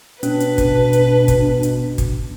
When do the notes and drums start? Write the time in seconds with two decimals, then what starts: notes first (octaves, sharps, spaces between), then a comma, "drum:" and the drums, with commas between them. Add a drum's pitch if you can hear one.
0.23 B2 C#4 D4 B4, drum: hi-hat
0.40 drum: hi-hat
0.58 drum: kick, hi-hat
0.93 drum: hi-hat
1.28 drum: kick, hi-hat
1.63 drum: hi-hat
1.98 drum: kick, hi-hat